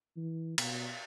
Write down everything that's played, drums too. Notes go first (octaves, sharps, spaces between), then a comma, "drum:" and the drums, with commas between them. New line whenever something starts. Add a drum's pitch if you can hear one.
E3
B2, drum: cymbal